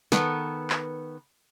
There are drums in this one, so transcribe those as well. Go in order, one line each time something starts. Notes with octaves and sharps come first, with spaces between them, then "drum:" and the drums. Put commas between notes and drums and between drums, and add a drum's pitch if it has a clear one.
D#3 B3 A4 B4, drum: snare
drum: clap